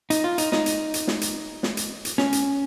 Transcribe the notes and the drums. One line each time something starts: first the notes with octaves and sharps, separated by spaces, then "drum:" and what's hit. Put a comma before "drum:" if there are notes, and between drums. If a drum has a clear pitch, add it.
D#4, drum: hi-hat
F4
D#4, drum: hi-hat
D#4, drum: snare
drum: hi-hat
drum: hi-hat
drum: snare
drum: hi-hat
drum: snare
drum: hi-hat
drum: hi-hat
C#4, drum: snare
drum: hi-hat